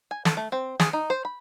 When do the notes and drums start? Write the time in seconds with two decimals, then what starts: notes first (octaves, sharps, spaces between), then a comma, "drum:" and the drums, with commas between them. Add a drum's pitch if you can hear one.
0.11 G#5
0.25 A4, drum: snare
0.37 A3
0.52 C4
0.80 G#4, drum: snare
0.93 D#4
1.10 C5
1.25 B5